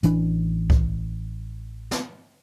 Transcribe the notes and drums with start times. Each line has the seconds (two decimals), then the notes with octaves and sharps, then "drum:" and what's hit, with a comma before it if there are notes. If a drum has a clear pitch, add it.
0.03 A1 E3 D4, drum: hi-hat
0.70 drum: kick C2
1.91 drum: snare